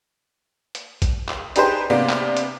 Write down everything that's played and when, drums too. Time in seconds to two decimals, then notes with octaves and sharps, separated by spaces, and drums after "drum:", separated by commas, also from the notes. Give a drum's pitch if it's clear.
0.75 drum: hi-hat
1.02 drum: kick, hi-hat
1.29 drum: clap
1.56 D4 D#4 G4 G#4 B4 C5, drum: hi-hat
1.90 C3 A#3 B3 D4
2.10 drum: clap
2.37 drum: hi-hat